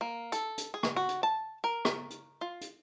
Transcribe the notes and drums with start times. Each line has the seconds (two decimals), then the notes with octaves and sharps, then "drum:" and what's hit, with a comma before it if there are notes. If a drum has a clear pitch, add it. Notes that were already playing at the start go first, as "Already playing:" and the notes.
0.01 A#3
0.32 A4, drum: hi-hat
0.58 drum: hi-hat
0.74 G#4
0.83 drum: rim click
0.96 F#4
1.09 drum: hi-hat
1.23 A5
1.64 A#4
1.85 drum: rim click
2.10 drum: hi-hat
2.41 F4
2.61 drum: hi-hat